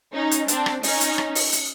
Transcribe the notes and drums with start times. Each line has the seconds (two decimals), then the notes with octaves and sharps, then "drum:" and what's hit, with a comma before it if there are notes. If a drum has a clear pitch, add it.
0.14 C#4 D#4
0.31 drum: hi-hat
0.48 C4 D4, drum: hi-hat
0.66 drum: rim click
0.83 C#4 D#4, drum: open hi-hat
1.01 drum: hi-hat
1.18 drum: rim click
1.35 drum: open hi-hat
1.53 drum: hi-hat